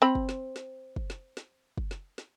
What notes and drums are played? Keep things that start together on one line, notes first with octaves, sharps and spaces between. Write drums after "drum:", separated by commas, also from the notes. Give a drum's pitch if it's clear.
C4 B5
drum: kick
drum: snare
drum: snare
drum: kick
drum: snare
drum: snare
drum: kick
drum: snare
drum: snare